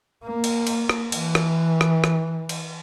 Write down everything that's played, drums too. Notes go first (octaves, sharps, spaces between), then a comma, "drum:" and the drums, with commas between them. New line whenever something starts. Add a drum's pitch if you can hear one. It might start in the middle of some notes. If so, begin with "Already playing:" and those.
A#3
drum: cymbal
drum: cymbal
drum: rim click
E3, drum: cymbal
drum: rim click
drum: rim click
drum: rim click
drum: cymbal